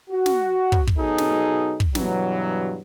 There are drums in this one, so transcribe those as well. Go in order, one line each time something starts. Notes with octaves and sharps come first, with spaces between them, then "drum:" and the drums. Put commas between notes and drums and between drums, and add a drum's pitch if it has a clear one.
F#4
drum: snare
drum: kick
drum: kick
B2 F#3 D#4 G#4 A4
drum: snare
drum: kick
G2 B2 E3 F#3, drum: snare